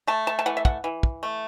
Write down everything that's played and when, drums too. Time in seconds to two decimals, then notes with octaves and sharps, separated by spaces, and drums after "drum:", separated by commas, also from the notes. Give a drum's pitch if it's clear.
0.07 A3 A5
0.27 A5
0.39 A5
0.46 E3 F#5
0.57 E5
0.65 F#5, drum: kick
0.84 E3
1.03 drum: kick
1.23 A3